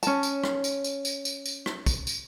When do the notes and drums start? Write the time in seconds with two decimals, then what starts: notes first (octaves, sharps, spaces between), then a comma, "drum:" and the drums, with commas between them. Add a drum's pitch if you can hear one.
0.03 C#4 A5, drum: tambourine
0.23 drum: tambourine
0.44 drum: rim click
0.64 drum: tambourine
0.84 drum: tambourine
1.05 drum: tambourine
1.25 drum: tambourine
1.46 drum: tambourine
1.66 drum: rim click
1.86 drum: kick, tambourine
2.07 drum: tambourine